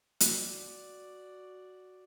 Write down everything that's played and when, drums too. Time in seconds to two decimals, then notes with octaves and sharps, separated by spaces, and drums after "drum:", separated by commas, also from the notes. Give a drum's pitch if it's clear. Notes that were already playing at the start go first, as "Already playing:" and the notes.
0.20 F#4 D5, drum: hi-hat